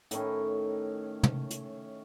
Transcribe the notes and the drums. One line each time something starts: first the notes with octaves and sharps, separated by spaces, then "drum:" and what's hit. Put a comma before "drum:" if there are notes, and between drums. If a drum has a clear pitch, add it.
A2 D#3 C#4, drum: hi-hat
drum: tom
drum: hi-hat